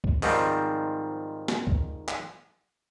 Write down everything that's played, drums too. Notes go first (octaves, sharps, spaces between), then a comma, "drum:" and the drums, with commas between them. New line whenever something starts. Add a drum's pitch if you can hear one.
drum: kick C#2
G#2 D#3 F3 G3 C4, drum: open hi-hat
drum: snare
drum: kick C#2
drum: clap